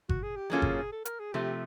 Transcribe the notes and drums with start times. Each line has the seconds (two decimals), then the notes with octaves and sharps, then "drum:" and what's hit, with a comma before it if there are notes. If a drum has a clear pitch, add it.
0.09 F#4, drum: kick G1
0.23 G#4
0.37 G4
0.50 F#3 A#3 C#4 F4 G#4 A4
0.62 drum: kick G1
0.92 A4
1.05 A#4, drum: hi-hat
1.20 G#4
1.33 C3 F3 A3 G4